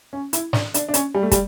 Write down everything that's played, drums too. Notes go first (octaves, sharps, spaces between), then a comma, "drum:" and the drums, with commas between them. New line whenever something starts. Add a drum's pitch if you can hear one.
C#4
E4, drum: hi-hat
D4, drum: snare
D4, drum: hi-hat
D4
C#4, drum: hi-hat
G3
A3
G3, drum: kick, hi-hat